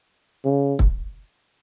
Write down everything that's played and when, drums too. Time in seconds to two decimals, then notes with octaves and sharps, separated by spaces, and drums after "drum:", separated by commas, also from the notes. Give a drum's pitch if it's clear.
0.45 C#3
0.79 drum: kick